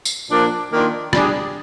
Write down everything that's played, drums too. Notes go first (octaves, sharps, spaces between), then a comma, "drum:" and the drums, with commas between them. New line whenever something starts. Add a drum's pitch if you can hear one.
drum: tambourine
A#2 F3 A#3 D4
D#3 A#3 D4 F4
G3 D4 G#4, drum: rim click